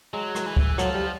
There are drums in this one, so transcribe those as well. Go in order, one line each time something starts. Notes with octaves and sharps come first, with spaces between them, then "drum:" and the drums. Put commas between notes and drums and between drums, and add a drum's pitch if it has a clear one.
F#3 G#3
drum: rim click
E3
drum: kick
F3 F#3, drum: rim click
G3